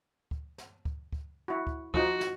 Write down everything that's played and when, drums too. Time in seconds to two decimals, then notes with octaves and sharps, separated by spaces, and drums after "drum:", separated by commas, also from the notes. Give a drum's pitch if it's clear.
0.31 drum: kick
0.58 drum: snare
0.85 drum: kick
1.13 drum: kick
1.48 E4 F#4
1.67 drum: kick
1.94 F3 D#4 F#4, drum: kick
2.21 drum: snare